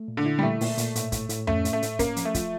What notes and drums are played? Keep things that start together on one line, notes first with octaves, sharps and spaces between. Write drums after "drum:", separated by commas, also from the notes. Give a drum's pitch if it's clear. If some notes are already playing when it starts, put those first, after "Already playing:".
Already playing: A3
A#2
D3
E4
G3
A#2 A3
A#2, drum: open hi-hat
A#2, drum: hi-hat
A2, drum: hi-hat
A2, drum: kick, hi-hat
A2, drum: hi-hat
A3 C#4, drum: tom F2
A2, drum: hi-hat
A3
A2, drum: hi-hat
A#3 C#4, drum: kick, hi-hat
F3, drum: hi-hat
A3
F4, drum: kick, hi-hat